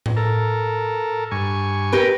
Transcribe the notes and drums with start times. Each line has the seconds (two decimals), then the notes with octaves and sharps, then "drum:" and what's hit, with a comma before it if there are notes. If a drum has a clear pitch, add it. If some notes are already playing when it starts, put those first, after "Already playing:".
0.06 drum: tom A2
0.16 A4 A#4
1.31 G2 G#5 C#6
1.92 G4 A#4 B4